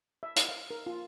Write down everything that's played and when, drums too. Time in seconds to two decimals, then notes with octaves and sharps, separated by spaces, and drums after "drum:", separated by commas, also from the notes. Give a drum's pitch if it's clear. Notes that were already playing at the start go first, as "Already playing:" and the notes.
0.23 E5
0.36 F5, drum: hi-hat
0.49 F5
0.71 A#4
0.86 F4